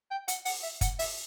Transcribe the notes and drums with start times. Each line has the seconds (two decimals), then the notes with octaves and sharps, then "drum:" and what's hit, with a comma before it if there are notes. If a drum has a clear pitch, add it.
0.11 G5
0.28 F#5, drum: hi-hat
0.45 F#5, drum: open hi-hat
0.63 E5
0.81 F#5, drum: kick, hi-hat
0.99 E5, drum: open hi-hat